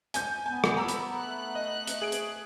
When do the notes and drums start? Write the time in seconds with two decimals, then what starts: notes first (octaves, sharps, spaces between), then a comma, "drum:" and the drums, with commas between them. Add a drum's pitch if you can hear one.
0.14 G#5 G6, drum: hi-hat
0.46 B3 G#5
0.64 drum: rim click
0.77 A#5 B5 E6
0.88 drum: hi-hat
1.17 A3 F#6
1.55 D#5
1.87 drum: hi-hat
2.02 G#4 D7
2.12 drum: hi-hat